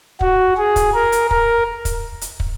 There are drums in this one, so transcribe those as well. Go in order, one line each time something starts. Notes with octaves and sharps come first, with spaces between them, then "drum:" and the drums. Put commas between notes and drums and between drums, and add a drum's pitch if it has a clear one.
F#4, drum: kick
G#4
drum: kick, hi-hat
A#4
drum: hi-hat
A#4, drum: kick
drum: kick, hi-hat
drum: hi-hat
drum: kick